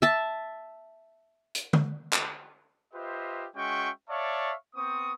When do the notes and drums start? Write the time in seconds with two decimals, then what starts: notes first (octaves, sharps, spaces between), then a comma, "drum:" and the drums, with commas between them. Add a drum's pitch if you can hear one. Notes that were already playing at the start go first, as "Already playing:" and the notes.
0.02 E5 A5
1.55 drum: hi-hat
1.73 drum: tom D3
2.13 drum: clap
2.94 F4 G4 B4 C5 D#5 E5
3.56 G#3 C#4 F#4 E5 G5 C#6
4.08 C#5 D5 E5 F5 A5 C#6
4.75 B3 C4 C5 C#6 D#6